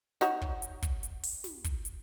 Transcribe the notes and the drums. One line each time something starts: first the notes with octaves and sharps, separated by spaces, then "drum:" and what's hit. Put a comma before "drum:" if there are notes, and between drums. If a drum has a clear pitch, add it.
D#4 F#4 C#5, drum: snare
drum: kick
drum: hi-hat
drum: kick, hi-hat
drum: hi-hat
drum: open hi-hat
drum: snare
drum: kick, hi-hat
drum: hi-hat